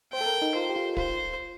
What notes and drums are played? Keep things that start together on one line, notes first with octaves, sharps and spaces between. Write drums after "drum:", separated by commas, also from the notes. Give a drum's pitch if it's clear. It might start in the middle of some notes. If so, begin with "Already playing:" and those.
C5 G5
A4
A#4
D#4
F4 C5
G4
F4
F4 C5, drum: kick